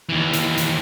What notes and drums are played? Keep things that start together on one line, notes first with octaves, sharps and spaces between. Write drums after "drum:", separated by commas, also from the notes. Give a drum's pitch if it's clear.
D#2 E3
drum: hi-hat
drum: hi-hat